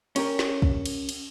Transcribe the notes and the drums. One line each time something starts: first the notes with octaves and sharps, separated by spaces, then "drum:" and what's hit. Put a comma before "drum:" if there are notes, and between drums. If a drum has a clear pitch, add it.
C#4 G4 A#4, drum: cymbal
drum: snare
drum: kick
drum: cymbal
drum: cymbal